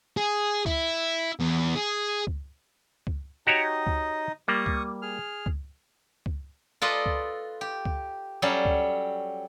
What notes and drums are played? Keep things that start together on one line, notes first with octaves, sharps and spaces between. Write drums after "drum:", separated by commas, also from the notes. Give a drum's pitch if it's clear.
G#4
E4, drum: kick
E2
G#4
drum: kick
drum: kick
D#4 F#4 G4 C#5 D#5
drum: kick
G3 A#3 C#6 D#6
drum: kick
G#4 F6
drum: kick
drum: kick
F4 A4 B4 D5 D#5
drum: kick
G4
drum: kick
F#3 G3 C#4 A4 F5
drum: kick